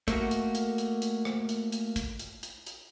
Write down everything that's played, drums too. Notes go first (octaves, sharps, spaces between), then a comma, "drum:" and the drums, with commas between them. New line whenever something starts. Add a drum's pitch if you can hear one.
A3 A#3 F#4, drum: kick, hi-hat
drum: hi-hat
drum: hi-hat
drum: hi-hat
drum: hi-hat
drum: rim click
drum: hi-hat
drum: hi-hat
drum: kick, hi-hat
drum: hi-hat
drum: hi-hat
drum: hi-hat